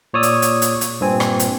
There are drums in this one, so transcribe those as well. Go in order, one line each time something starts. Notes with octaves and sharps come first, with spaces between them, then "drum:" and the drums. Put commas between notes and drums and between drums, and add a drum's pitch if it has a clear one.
A#2 C#5 D5 D#6 E6
drum: hi-hat
drum: hi-hat
drum: hi-hat
drum: hi-hat
G2 A#2 C4 G#5
drum: rim click
drum: hi-hat